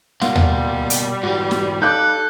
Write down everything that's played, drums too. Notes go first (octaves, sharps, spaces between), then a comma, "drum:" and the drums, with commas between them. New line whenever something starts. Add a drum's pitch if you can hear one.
B2 G3 A#3 F5 F#5 C6, drum: snare
drum: tom D#2
drum: hi-hat
G#2 E3 F#4 G4
drum: snare
D#4 A4 F5 D6 F#6 G6